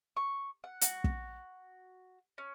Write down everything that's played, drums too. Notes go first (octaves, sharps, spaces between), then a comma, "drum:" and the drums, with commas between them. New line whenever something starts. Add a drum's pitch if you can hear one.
C#6
F#5
F#4, drum: hi-hat
drum: kick
C#4